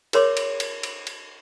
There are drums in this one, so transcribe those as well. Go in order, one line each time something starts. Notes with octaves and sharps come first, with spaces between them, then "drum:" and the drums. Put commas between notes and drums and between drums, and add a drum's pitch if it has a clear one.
G#4 A#4 C#5 C6 D6, drum: cymbal
drum: cymbal
drum: cymbal
drum: cymbal
drum: cymbal